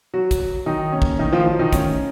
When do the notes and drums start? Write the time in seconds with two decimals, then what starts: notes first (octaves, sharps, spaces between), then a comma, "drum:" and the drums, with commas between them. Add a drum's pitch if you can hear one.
0.14 F#3 F#4
0.31 drum: kick, hi-hat
0.40 F#3
0.66 D#3 F#3 D#4
0.92 A#2 C#4
1.02 drum: kick
1.19 A2 D#3 D#4
1.33 F3 F4
1.45 F3 F#3 F4
1.59 D#3 D#4
1.73 A2 C#4, drum: kick, hi-hat